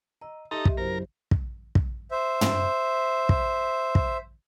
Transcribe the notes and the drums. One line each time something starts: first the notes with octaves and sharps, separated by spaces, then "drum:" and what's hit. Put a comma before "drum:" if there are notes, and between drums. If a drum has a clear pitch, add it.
D#5 A#5 E6
D#4 G4 A4 D#5 E5 A#5 C6
drum: kick
F#1 F#2 E4 G4 A#4 C5
drum: kick
drum: kick
C5 E5
drum: tom
drum: kick
drum: kick